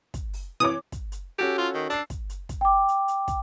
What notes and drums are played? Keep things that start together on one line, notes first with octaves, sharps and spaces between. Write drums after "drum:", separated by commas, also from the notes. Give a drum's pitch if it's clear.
drum: kick, hi-hat
drum: open hi-hat
E3 C#5 D6 D#6
drum: kick, hi-hat
drum: hi-hat
C#4 F#4 G4 A4
F4
D#3
D4 E6 C7, drum: hi-hat
drum: kick, hi-hat
drum: hi-hat
drum: kick, hi-hat
G5 D6
drum: hi-hat
drum: hi-hat
drum: kick, hi-hat